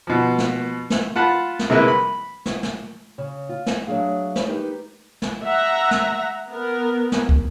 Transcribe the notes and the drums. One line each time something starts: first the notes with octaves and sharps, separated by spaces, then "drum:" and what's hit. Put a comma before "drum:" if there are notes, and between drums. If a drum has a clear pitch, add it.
B2 F3
drum: snare
drum: snare
F4 F#5 A5 B5
drum: snare
C3 G#3 A#3 E4 A#4 B4
B5
drum: snare
drum: snare
C#3
F4
drum: snare
F#3 A3 D4 G#4 F5
drum: snare
D#4 G4 A#4 B4
drum: snare
E5 F#5 A#5
drum: snare
B3 A#4
drum: snare
drum: kick